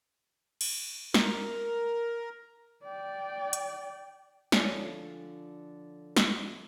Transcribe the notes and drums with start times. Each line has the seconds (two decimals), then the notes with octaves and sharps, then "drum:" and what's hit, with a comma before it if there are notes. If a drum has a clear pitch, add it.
0.61 drum: cymbal
1.14 A#4, drum: snare
2.84 D5 G5
3.53 drum: hi-hat
4.52 D3 F3 C#5 D5 G#5, drum: snare
6.17 drum: snare